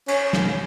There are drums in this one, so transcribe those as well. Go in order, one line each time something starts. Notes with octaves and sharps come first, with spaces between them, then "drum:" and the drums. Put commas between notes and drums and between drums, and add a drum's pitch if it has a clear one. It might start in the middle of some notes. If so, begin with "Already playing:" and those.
C#4, drum: cymbal
drum: snare